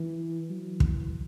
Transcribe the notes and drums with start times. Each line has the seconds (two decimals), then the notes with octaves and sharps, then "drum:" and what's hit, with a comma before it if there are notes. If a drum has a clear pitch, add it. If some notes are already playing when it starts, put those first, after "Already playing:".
Already playing: E3
0.50 F#3
0.80 E3, drum: kick